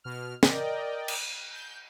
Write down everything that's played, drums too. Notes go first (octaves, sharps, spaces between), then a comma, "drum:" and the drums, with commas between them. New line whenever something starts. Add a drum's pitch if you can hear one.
B2 F6
A#4 D5 D#5 G5, drum: snare
drum: cymbal
G6